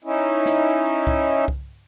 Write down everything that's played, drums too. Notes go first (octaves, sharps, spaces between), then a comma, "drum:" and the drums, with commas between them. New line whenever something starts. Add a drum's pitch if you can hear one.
C#4 D#4 E4
drum: snare
drum: kick C2
drum: kick C2